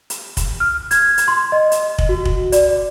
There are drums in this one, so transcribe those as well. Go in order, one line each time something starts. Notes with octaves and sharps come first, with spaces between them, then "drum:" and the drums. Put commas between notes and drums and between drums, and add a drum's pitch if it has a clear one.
drum: hi-hat
drum: kick, hi-hat
F6
G#6, drum: hi-hat
drum: hi-hat
C6
D#5
drum: hi-hat
drum: kick
F#4
drum: kick
D5, drum: hi-hat